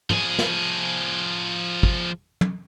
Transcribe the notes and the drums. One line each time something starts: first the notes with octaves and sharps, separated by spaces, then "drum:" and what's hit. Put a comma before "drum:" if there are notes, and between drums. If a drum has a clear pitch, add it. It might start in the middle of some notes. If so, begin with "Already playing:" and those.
F3 G#4, drum: tom
drum: snare
drum: kick
drum: tom